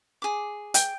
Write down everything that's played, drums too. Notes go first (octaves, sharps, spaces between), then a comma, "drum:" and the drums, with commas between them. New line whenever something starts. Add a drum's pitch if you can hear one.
G#4 D6
G5, drum: hi-hat